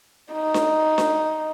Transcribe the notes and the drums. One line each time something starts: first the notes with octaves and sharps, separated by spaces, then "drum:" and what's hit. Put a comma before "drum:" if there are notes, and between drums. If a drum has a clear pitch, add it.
D#4
drum: snare D4
drum: snare D4